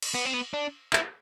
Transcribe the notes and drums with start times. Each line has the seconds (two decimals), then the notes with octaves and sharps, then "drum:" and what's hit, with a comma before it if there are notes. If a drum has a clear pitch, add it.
0.02 drum: cymbal
0.14 B3
0.25 C4
0.33 B3
0.54 D4
0.93 E4, drum: clap